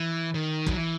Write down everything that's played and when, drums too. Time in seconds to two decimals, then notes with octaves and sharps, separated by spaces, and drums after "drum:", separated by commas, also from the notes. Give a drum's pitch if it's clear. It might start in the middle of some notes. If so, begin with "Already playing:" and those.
Already playing: E3
0.34 D#3
0.66 F#3, drum: kick
0.77 E3